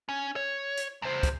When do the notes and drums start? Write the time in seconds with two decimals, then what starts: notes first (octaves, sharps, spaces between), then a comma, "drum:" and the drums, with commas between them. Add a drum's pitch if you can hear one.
0.09 C#4
0.36 C#5
0.77 drum: hi-hat
1.02 E2 C5
1.23 drum: kick, hi-hat